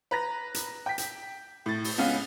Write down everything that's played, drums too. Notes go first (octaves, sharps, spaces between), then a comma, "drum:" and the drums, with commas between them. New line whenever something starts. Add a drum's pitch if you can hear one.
B4 A#5 A#6
drum: hi-hat
G5 B6
drum: hi-hat
A2 A6
drum: open hi-hat
C#2 B3 C#4 F5